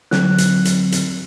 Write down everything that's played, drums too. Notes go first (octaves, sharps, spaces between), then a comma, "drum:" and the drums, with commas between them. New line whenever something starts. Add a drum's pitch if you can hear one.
D3 F#3 C4 F#6, drum: snare
drum: hi-hat
drum: hi-hat
drum: hi-hat